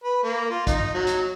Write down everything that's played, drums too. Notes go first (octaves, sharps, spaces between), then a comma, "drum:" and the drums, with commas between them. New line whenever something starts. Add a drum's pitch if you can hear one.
B4
A#3
F4
D#4, drum: kick, hi-hat
F#3
drum: hi-hat